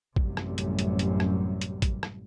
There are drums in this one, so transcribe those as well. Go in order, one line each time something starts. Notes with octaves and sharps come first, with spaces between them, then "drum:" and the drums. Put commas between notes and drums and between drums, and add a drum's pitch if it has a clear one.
A1 F#2 C3 G3, drum: kick
drum: rim click
drum: hi-hat
drum: hi-hat
drum: hi-hat
drum: rim click
drum: hi-hat
drum: kick, hi-hat
drum: rim click